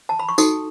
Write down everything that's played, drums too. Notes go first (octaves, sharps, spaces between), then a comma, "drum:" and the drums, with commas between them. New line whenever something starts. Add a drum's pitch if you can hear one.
A5
B5
C#6
D#4 F#4 A4 D#6, drum: tambourine